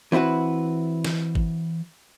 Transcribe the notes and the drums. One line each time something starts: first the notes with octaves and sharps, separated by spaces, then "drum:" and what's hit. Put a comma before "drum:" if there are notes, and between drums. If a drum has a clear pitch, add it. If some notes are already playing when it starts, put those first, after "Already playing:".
E3 C4 E4 F#4 B4
drum: snare
drum: kick G1